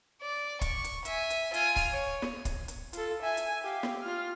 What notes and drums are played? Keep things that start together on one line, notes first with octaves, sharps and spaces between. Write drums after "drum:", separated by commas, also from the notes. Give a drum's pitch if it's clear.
D5
C#6, drum: kick, hi-hat
drum: hi-hat
E5 G#5, drum: hi-hat
drum: hi-hat
F4 G#5, drum: hi-hat
drum: kick, open hi-hat
C#5
drum: snare
drum: kick, hi-hat
drum: hi-hat
F4 A4, drum: hi-hat
E5 G#5
drum: hi-hat
G4 F5
drum: snare
F4 F6